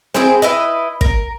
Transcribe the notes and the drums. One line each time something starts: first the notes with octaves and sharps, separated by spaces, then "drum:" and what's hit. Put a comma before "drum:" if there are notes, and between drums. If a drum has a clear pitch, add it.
C4 E4 G#4 C5, drum: snare C4
E4 B4 D#5
A#4, drum: kick